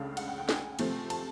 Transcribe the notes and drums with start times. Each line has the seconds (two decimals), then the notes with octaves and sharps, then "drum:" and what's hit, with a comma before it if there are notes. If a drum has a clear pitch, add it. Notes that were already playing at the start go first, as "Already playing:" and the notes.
Already playing: C#2 C#3 A3 D4 F5
0.17 F#5, drum: cymbal
0.28 G5
0.38 G5
0.49 G#5, drum: snare
0.79 C3 F3 A3 C4, drum: cymbal
1.10 A5, drum: cymbal